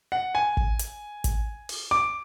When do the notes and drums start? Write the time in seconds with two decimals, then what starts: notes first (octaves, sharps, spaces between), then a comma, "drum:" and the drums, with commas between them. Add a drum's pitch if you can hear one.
0.12 F#5
0.35 G#5
0.57 drum: kick
0.79 drum: hi-hat
1.24 drum: kick, hi-hat
1.69 drum: open hi-hat
1.91 D6